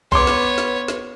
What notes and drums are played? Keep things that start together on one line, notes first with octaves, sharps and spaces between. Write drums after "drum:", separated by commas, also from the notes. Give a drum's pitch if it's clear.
B3 C#5 C6 D6, drum: kick B1
drum: snare
drum: snare
drum: snare